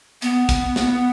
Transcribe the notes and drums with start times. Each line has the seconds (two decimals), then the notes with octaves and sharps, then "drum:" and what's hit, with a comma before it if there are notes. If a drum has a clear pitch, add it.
0.22 B3, drum: hi-hat
0.49 drum: kick, hi-hat
0.76 drum: snare